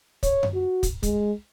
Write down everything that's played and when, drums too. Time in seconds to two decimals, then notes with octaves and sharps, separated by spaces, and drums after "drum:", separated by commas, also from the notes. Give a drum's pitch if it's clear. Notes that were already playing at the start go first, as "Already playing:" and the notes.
0.23 C#5, drum: kick, hi-hat
0.43 drum: tom F#2
0.54 F#4
0.83 drum: kick, hi-hat
1.03 G#3, drum: kick, hi-hat